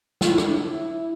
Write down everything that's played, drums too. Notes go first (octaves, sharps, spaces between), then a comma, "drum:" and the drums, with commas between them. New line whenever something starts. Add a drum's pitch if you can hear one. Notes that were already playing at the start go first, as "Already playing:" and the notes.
F4, drum: snare
E4
D4, drum: rim click
E4